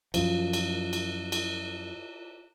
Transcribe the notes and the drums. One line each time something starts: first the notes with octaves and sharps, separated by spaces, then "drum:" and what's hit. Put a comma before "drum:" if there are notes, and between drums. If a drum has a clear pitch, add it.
F#2 F3, drum: cymbal
drum: cymbal
drum: cymbal
drum: cymbal